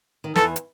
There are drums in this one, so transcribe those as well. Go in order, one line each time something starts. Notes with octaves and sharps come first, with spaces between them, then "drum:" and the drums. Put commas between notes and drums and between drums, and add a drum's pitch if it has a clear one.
D#3
E2 E3 A4, drum: snare
drum: hi-hat